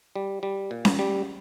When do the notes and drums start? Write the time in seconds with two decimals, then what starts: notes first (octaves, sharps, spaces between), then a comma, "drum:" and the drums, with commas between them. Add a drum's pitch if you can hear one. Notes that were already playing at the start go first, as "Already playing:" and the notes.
0.16 G3
0.43 G3
0.71 A#2
0.85 drum: snare C#4
0.99 G3